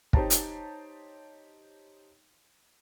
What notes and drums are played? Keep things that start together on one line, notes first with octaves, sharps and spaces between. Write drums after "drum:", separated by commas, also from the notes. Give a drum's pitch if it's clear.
D#4 G4 C5 C#5 A5 A#5, drum: kick
drum: hi-hat